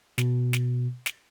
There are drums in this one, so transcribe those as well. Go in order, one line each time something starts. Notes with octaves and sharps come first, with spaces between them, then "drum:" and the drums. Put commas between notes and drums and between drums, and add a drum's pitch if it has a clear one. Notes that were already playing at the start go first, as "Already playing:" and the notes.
B2, drum: snare
drum: snare
drum: snare